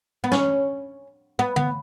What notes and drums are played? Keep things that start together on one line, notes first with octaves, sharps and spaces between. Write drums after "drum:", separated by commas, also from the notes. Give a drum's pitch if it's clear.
B3
C#4, drum: snare
B3
B3, drum: tom D3